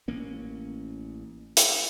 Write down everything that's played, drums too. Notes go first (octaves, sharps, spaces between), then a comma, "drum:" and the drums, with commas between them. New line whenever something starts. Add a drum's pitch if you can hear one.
A1 A#3 C#4
drum: hi-hat